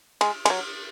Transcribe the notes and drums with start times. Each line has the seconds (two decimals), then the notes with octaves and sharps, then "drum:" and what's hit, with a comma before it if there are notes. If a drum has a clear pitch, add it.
0.21 G#3, drum: cymbal
0.45 G#3, drum: cymbal
0.50 F#3